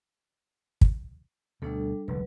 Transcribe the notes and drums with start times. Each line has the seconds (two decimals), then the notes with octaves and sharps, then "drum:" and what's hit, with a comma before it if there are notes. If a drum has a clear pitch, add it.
0.81 drum: kick
1.62 D2 B2 G3 D4 A4
2.08 E1 C#2 D3 F#3 B4